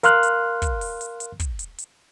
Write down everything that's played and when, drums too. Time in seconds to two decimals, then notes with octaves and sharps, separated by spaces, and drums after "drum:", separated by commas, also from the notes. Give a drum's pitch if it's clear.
0.03 A#4 F5 C6 F6 F#6, drum: hi-hat
0.23 drum: hi-hat
0.62 drum: kick, hi-hat
0.81 drum: open hi-hat
1.01 drum: hi-hat
1.20 drum: hi-hat
1.40 drum: kick, hi-hat
1.59 drum: hi-hat
1.78 drum: hi-hat